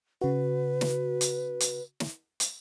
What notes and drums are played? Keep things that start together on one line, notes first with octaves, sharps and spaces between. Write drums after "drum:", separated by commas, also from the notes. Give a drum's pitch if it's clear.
C#3 F#4 B4
drum: snare
drum: hi-hat
drum: hi-hat
drum: snare
drum: hi-hat